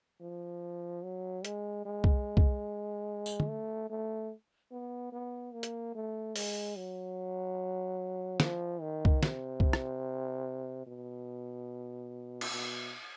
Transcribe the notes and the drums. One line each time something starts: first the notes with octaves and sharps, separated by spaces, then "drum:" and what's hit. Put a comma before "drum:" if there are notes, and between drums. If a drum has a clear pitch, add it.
F3
F#3
G#3, drum: hi-hat
G#3
drum: kick
drum: kick
drum: tambourine
drum: tom
A3
A3
B3
B3
A#3
drum: hi-hat
A3
G#3, drum: open hi-hat
F#3
F3, drum: snare
D#3
drum: kick
C3, drum: snare
drum: kick
drum: rim click
B2
drum: cymbal
B2